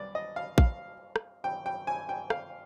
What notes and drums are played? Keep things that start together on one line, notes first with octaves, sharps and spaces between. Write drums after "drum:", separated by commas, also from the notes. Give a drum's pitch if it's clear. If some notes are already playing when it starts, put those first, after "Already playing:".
Already playing: C2 B3 D5
D#5
F5
F5, drum: kick
drum: rim click
G5
G5
G#5
G5
F5, drum: rim click